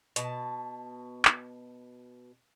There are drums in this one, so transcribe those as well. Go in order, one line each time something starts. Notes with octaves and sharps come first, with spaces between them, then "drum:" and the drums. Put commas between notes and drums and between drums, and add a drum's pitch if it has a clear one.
B2 A5, drum: hi-hat
drum: clap